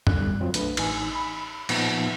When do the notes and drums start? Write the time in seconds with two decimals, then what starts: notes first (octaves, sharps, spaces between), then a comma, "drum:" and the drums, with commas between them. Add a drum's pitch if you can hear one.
0.07 B1 E2 D3 G3 F#6, drum: tom F#2
0.41 F#3 C4 F4 F#4
0.54 B1 A3 D4 B4, drum: hi-hat
0.77 A1 D#4 G#5, drum: cymbal
1.15 B5
1.69 A#2 F3 B3 D#4, drum: cymbal